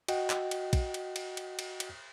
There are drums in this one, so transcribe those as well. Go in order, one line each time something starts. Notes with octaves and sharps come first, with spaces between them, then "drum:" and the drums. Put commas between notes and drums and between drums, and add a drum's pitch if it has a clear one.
F#4 D#5 F#5 G5, drum: cymbal
drum: clap
drum: cymbal
drum: kick, cymbal
drum: cymbal
drum: cymbal
drum: cymbal
drum: cymbal
drum: cymbal